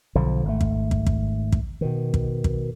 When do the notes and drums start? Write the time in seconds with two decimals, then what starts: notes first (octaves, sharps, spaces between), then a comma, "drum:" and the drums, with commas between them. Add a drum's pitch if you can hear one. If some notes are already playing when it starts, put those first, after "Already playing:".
0.15 B1 D3 F3
0.45 G#1 A3
0.61 drum: kick
0.91 drum: kick
1.07 drum: kick
1.52 drum: kick
1.81 B2 D#3
2.14 drum: kick
2.44 drum: kick